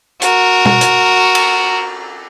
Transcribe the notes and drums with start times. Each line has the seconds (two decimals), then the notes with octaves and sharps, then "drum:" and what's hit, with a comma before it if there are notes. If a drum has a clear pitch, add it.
0.22 F#4 A#4, drum: hi-hat
0.65 drum: tom
0.81 drum: hi-hat
1.35 drum: cymbal